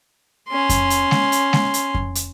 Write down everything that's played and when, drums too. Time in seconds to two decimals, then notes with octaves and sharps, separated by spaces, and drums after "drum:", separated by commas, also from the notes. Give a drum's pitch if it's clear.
0.49 C#4 C6
0.69 drum: kick F2, hi-hat
0.90 drum: hi-hat
1.11 drum: snare G#3
1.32 drum: hi-hat
1.53 drum: snare G#3
1.74 drum: hi-hat
1.94 drum: kick F2
2.15 drum: hi-hat